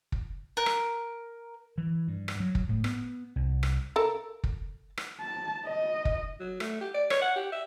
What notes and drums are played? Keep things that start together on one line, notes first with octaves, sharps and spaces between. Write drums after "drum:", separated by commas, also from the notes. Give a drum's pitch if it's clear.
drum: kick
A#4 F#6
drum: rim click
E3
G2
drum: rim click
F#3
drum: kick
A2
B3, drum: rim click
C2
drum: rim click
A4 A#4
drum: kick
drum: rim click
A5
D#5
drum: kick
F#3
A3, drum: rim click
G4
D5
C#5, drum: rim click
F#5
G4
E5